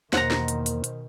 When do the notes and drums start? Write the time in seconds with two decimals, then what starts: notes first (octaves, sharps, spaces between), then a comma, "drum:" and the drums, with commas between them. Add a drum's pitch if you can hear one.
0.13 E2 B2 D#3 A#3 C5 F#5 A#5, drum: snare
0.30 drum: snare
0.48 drum: hi-hat
0.66 drum: hi-hat
0.84 drum: hi-hat